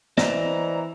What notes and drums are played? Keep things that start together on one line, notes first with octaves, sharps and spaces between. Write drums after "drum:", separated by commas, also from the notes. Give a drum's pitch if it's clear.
E3 C5 D5 D#5 A#5, drum: snare